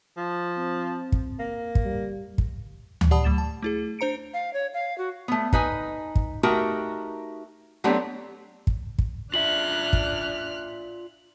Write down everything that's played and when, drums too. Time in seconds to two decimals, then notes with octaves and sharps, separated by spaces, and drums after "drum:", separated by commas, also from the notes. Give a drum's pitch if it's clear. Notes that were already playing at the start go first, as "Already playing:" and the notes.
0.17 F3
0.57 C4
1.12 drum: kick
1.39 A#3
1.75 drum: kick
1.85 G3
2.38 drum: kick
3.01 drum: tom D2
3.11 G4 D5 F#5 A5 B5 D#6
3.24 F#3 A3 A6 E7
3.38 A5
3.62 A3 E4 G#4
3.99 D4 C5 A#5 C#7 D7
4.34 F5
4.53 C#5
4.74 F5
4.98 F#4
5.28 A3 B3
5.53 D#4 B4 D#5 G#5, drum: kick
6.15 drum: kick
6.43 A3 D#4 F#4 G4 A#4 G5
7.84 F#3 A3 B3 C4 D4 G4
8.67 drum: kick
8.99 drum: kick
9.34 D4 F4 D5 E5 F6 F#6 F#7
9.93 drum: kick